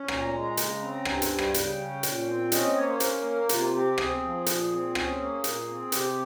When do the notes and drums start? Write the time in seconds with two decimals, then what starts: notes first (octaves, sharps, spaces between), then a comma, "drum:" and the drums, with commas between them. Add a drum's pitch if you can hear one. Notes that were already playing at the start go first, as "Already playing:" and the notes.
Already playing: C#4
0.08 A#2 A#5, drum: rim click
0.33 G#3
0.57 C#3, drum: hi-hat
0.82 C4
1.05 G2 G#5, drum: rim click
1.18 G5
1.22 G#5, drum: hi-hat
1.30 G3
1.39 G5, drum: rim click
1.54 C#3 G5, drum: hi-hat
1.79 C#4
2.03 A#2, drum: hi-hat
2.27 C4
2.52 C#4 D#5, drum: hi-hat
2.63 D#5
2.76 A#3 C#5
2.88 C5
3.00 C#4 A#4, drum: hi-hat
3.24 A#3
3.49 C3 F4, drum: hi-hat
3.73 C4 G4
3.98 C4 G#4, drum: rim click
4.22 F3
4.46 A#2, drum: hi-hat
4.71 C4
4.95 C#4 G#4, drum: rim click
5.19 A#3
5.44 A#2, drum: hi-hat
5.68 C4
5.92 C3 G4, drum: hi-hat